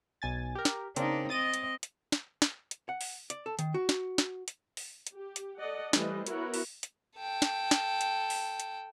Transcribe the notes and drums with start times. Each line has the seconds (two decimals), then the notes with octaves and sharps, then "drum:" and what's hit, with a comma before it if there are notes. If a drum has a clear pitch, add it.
0.22 B1 G#5 A6
0.55 G4 A#4
0.65 drum: snare
0.96 C#3 A#3 C4 D4 D#4, drum: hi-hat
1.29 C4 D#5 D#6 A6 D#7
1.54 drum: hi-hat
1.83 drum: hi-hat
2.12 drum: snare
2.42 drum: snare
2.71 drum: hi-hat
2.89 F#5
3.01 drum: open hi-hat
3.30 D5, drum: hi-hat
3.46 A4
3.59 D#3, drum: hi-hat
3.74 F#4
3.89 drum: snare
4.18 drum: snare
4.48 drum: hi-hat
4.77 drum: open hi-hat
5.07 drum: hi-hat
5.16 G4
5.36 drum: hi-hat
5.58 A4 D5 D#5 F#5
5.93 E3 G3 A3 B4 C5 D#5, drum: snare
6.26 B3 E4 F#4 A#4 B4 C#5, drum: hi-hat
6.54 drum: open hi-hat
6.83 drum: hi-hat
7.18 A4 G5
7.42 drum: snare
7.71 drum: snare
8.01 drum: hi-hat
8.30 drum: open hi-hat
8.60 drum: hi-hat